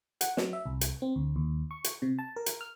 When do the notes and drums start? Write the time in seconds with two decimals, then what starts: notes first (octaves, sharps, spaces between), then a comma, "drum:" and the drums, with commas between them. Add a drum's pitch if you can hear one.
0.21 F#5, drum: hi-hat
0.37 F#3, drum: snare
0.53 E5
0.66 C2
0.81 drum: hi-hat
1.02 C4
1.16 D2
1.36 D#2
1.71 C#6
1.84 drum: hi-hat
2.02 C3
2.19 A5
2.36 A#4
2.46 drum: hi-hat
2.61 F6